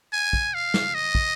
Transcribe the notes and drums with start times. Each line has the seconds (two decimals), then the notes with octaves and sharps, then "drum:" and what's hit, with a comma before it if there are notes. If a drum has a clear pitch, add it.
0.13 G#5
0.33 drum: kick
0.54 F5
0.74 drum: snare
0.94 D#5
1.15 drum: kick